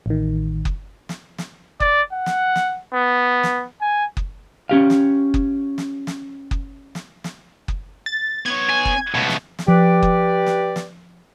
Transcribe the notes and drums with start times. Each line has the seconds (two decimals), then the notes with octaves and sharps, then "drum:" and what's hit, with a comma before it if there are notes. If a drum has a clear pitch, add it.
0.06 A1 D#3
0.65 drum: kick F#1
1.09 drum: snare
1.38 drum: snare
1.80 D5, drum: kick F#1
2.13 F#5
2.26 drum: snare
2.56 drum: snare
2.94 B3
3.43 drum: snare
3.81 G#5
4.17 drum: kick F#1
4.69 C#4 G4 F5
4.90 drum: snare
5.34 drum: kick F#1
5.78 drum: snare
6.07 drum: snare
6.51 drum: kick F#1
6.95 drum: snare
7.24 drum: snare
7.68 drum: kick F#1
8.06 A6
8.46 B3 C#5 G#6
8.70 G#5
8.85 drum: kick F#1
9.15 C#2 B2 A3 B3
9.29 drum: snare
9.59 drum: snare
9.68 F3 G4 B4 D5
10.03 drum: kick F#1
10.46 drum: snare
10.76 drum: snare